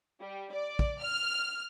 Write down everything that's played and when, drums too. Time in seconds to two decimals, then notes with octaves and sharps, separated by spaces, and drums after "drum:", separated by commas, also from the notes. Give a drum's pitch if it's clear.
0.22 G3
0.52 D5
0.79 drum: kick
1.02 F6